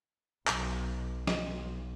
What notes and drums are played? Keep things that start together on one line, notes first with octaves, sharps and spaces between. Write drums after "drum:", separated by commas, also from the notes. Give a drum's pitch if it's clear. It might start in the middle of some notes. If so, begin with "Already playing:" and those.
B1, drum: clap
B1, drum: snare